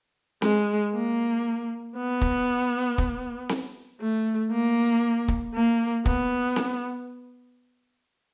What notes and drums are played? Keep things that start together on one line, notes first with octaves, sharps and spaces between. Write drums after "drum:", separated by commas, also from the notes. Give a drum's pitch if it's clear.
G#3, drum: snare C4
A#3
B3
drum: kick
drum: kick
drum: snare C4
A3
A#3
drum: kick
A#3
B3, drum: kick
drum: snare C4